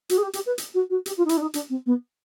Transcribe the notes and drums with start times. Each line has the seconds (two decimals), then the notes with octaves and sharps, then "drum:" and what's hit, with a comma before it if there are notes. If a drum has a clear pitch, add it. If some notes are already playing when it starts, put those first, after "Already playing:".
0.09 F#4, drum: hi-hat
0.17 G#4
0.22 G4
0.33 G4, drum: hi-hat
0.46 B4
0.58 drum: hi-hat
0.74 F#4
0.90 F#4
1.06 G4, drum: hi-hat
1.17 F4
1.25 D#4
1.29 E4, drum: hi-hat
1.37 D4
1.41 D#4
1.54 D4, drum: hi-hat
1.69 C4
1.86 B3